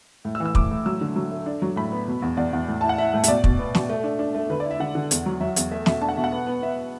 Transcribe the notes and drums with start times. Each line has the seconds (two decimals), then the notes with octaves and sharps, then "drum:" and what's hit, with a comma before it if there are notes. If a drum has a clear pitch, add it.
0.25 A2
0.35 E6
0.40 E3
0.46 E6
0.55 A2 D6, drum: kick
0.71 A2
0.86 F#3 E6
1.01 D3
1.16 F#3
1.32 A3
1.46 D4
1.62 F#3
1.76 A2 B5
1.92 B3
2.08 B2
2.22 E2
2.37 E2 D5
2.53 E2
2.68 A2
2.81 E4 A5
2.89 F#5
2.98 E4 E5
3.14 A2
3.24 E5, drum: hi-hat
3.28 B2 D5
3.44 B2, drum: kick
3.59 B3
3.75 B2, drum: snare
3.90 A3
4.04 D4
4.19 D4
4.35 A3
4.50 D3 B4
4.60 D5
4.65 E4
4.71 E5
4.80 D3 F#5
4.95 D3
5.11 E2, drum: hi-hat
5.26 F#3
5.41 F#3 E5
5.56 E2, drum: hi-hat
5.71 A3 E5
5.86 B2 E5, drum: snare
6.01 D4 A5
6.09 F#5
6.17 B2 E5
6.24 F#5
6.32 B3
6.47 B3
6.62 B3 E5